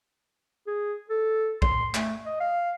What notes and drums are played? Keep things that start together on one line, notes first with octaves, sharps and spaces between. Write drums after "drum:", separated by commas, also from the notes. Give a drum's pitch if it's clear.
G#4
A4
C6, drum: kick
A3, drum: clap
D#5
F5